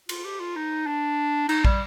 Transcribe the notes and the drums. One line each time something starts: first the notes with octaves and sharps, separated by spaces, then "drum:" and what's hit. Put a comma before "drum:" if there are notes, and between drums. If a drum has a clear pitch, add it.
F4, drum: cymbal
G4
F4
D#4
D4
D#4, drum: cymbal
G3, drum: kick